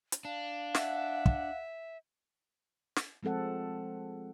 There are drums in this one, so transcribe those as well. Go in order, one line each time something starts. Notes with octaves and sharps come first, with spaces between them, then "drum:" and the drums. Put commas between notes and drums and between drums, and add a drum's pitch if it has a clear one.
drum: hi-hat
D4 F5
E5 F#5, drum: snare
drum: kick
drum: snare
F3 G#3 C4 A4 F#5